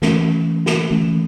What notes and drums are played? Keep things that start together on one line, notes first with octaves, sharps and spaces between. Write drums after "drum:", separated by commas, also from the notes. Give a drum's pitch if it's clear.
E3 A3 C#4, drum: snare
drum: snare
E3 A3 C#4